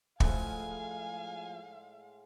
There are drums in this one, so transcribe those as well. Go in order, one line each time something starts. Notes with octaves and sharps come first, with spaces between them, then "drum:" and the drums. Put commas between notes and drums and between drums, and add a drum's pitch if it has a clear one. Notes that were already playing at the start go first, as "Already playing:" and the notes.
A2 F3 G#3 A3 E4 F5 F#5 G#5, drum: kick